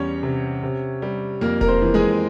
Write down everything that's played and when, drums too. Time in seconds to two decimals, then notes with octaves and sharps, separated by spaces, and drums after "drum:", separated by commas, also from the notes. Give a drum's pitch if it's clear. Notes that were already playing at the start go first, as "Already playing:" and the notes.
Already playing: E2 G3 C#4 C#5
0.23 C3
0.63 C3
1.02 G3
1.41 F2 A#3 A#4
1.61 A#4, drum: kick E1
1.68 C4 C5
1.81 E3
1.94 G#3 G#4